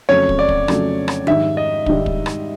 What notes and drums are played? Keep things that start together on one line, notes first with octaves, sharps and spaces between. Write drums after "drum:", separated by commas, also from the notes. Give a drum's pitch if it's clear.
F2 C#3 F#3 A3 C#5
drum: kick
D5
drum: kick
F2 C#3 F#3 A3, drum: rim click
drum: rim click
G#2 D#3 G3 E5, drum: tom F3
D#5
G#2 D#3 G3, drum: kick
drum: kick
drum: rim click